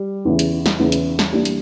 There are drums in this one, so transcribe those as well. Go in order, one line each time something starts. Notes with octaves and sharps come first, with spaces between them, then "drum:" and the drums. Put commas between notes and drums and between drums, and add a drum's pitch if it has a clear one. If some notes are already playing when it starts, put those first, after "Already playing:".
Already playing: G3
E2 C#3 E3
drum: hi-hat
drum: snare
E2 C#3 E3
drum: hi-hat
drum: snare
E3 G3 A#3 D4 G4
drum: hi-hat